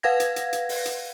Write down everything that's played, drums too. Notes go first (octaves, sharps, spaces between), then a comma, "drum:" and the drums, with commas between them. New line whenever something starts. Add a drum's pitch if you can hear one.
B4 F5 F#5 G#6 A#6
drum: hi-hat
drum: hi-hat
drum: hi-hat
drum: open hi-hat
drum: hi-hat